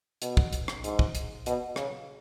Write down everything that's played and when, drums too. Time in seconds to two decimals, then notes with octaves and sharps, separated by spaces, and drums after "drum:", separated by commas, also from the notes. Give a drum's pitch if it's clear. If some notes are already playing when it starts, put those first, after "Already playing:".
0.22 B2, drum: hi-hat
0.37 drum: kick
0.53 drum: hi-hat
0.68 drum: rim click
0.84 G#2, drum: hi-hat
0.99 drum: kick
1.15 drum: hi-hat
1.46 B2, drum: hi-hat
1.76 C#3, drum: rim click